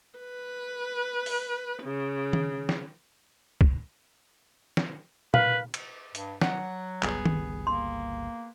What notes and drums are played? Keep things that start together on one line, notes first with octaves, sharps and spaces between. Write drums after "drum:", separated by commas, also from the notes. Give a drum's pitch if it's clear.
B4
drum: open hi-hat
C#3
drum: tom D#3
drum: snare
drum: kick
drum: snare
B4 F5, drum: tom
drum: cymbal
G2, drum: hi-hat
F#3 F#5, drum: snare
G1 C#2 G3 B3 G#4, drum: clap
drum: tom D#3
A#3 C6